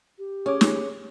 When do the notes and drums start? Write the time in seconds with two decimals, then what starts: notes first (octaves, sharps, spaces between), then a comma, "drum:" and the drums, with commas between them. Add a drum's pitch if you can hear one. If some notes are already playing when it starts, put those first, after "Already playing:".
0.18 G4
0.46 C#4 G#4 C#5 D6
0.61 drum: snare